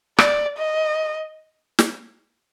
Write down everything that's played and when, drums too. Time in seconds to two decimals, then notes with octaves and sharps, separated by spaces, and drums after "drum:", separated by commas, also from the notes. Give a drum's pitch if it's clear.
0.18 D5, drum: rim click
0.58 D#5
1.79 drum: snare